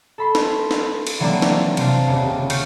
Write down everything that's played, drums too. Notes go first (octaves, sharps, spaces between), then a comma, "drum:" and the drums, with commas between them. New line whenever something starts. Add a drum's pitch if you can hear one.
A4 B5 C6
drum: snare
drum: snare
drum: cymbal
E3 F#3 G3 A#3 C4 D4
drum: snare
C3 F4 C5 F5 A5, drum: cymbal
D#1 C#3 G4
C#6 F6 G6 C7 C#7, drum: cymbal